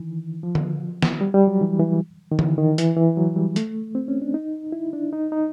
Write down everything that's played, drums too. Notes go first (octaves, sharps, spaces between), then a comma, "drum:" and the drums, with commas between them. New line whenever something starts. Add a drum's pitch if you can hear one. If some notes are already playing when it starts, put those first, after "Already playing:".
Already playing: D#3 E3
F3
drum: tom D3
drum: snare
G3
G3
F#3
E3
E3
D#3
E3, drum: tom D3
D#3
E3, drum: hi-hat
E3
F#3
G3
A3, drum: hi-hat
C4
C#4
D4
D#4
E4
D4
D#4
D#4